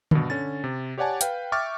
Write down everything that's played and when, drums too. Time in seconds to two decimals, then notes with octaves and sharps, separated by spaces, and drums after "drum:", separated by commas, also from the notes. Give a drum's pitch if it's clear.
0.11 G2 B2, drum: tom D3
0.30 D3 C#4 A6
0.64 C3
0.98 G4 C#5 D5 F#5 G#5 A5
1.21 B4 F5 G5, drum: hi-hat
1.52 E5 G5 C#6 D6 F6 A6